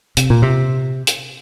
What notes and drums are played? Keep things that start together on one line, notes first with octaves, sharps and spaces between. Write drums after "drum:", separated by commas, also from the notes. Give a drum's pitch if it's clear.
C3, drum: hi-hat
A#2
C3
drum: hi-hat